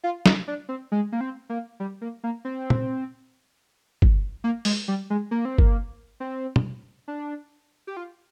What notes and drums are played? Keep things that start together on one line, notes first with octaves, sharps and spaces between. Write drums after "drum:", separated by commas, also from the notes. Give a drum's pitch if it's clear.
F4
D#4, drum: snare
D4
C4
G#3
A#3
C4
A#3
G3
A#3
A#3
C4
drum: tom
drum: kick G1
A#3
G#3, drum: open hi-hat
G3
G#3
A#3
C4
A#3, drum: kick G1
C4
drum: tom
D4
G4
F4